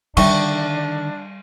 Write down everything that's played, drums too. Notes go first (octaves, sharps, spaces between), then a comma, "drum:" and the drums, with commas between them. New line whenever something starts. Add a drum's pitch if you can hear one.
D3 D#3 G3 D4 E5 G5 C#6, drum: cymbal